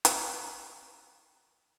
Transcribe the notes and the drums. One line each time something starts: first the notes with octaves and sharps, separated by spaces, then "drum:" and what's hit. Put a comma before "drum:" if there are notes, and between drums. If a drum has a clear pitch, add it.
drum: hi-hat
F4
D4 E4